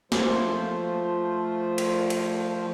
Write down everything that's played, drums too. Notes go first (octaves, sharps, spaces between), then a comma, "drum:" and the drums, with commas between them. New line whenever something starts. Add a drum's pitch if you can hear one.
F3 A3 F4 C5, drum: snare
drum: cymbal
drum: cymbal